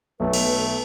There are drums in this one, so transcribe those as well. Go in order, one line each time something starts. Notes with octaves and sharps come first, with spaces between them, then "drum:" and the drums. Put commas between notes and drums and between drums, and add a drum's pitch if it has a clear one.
B1 A3 B4
drum: cymbal